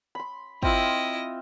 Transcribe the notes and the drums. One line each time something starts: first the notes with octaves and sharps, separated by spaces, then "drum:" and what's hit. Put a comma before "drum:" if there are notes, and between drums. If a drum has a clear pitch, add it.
B5 C6
C4 E4 F4 D#5 E6, drum: kick